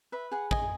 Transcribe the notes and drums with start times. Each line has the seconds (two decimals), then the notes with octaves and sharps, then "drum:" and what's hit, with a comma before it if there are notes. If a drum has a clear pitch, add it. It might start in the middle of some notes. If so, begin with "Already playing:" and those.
0.12 B4 E5
0.32 G#4 F#5
0.51 D#5 G#5, drum: kick